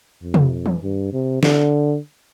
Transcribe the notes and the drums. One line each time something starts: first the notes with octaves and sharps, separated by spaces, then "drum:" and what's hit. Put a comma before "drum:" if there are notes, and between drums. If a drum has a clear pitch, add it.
F2
drum: tom
drum: tom
G2
C3
D3, drum: snare